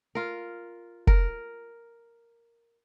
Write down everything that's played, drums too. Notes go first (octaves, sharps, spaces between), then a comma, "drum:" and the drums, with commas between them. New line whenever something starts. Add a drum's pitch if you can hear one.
F4 A#4
A#4, drum: kick F1